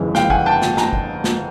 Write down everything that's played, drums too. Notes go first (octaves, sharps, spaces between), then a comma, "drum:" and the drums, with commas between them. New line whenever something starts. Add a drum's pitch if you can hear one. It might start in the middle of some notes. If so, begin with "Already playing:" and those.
Already playing: G1 F2 C#3 E3 G#3
F5 G5, drum: snare
F#5 G#5, drum: kick
G5 A5
drum: snare
G#5 A#5, drum: snare
drum: kick
drum: snare